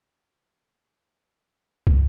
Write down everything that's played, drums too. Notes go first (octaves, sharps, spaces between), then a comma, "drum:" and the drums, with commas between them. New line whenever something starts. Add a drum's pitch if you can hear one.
G2 E4
D#4 G4 C#5 E5 F#5
C4 F#4 B4
G#4
drum: kick